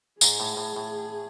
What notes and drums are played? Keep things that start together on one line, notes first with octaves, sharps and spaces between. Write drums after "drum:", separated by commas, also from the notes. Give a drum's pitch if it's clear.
G#2 G#4, drum: tambourine
A2
A2
A2